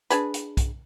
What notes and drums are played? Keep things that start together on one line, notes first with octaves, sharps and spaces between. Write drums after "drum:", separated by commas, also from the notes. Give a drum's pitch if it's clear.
D4 G#4 B4, drum: hi-hat
drum: hi-hat
drum: kick, hi-hat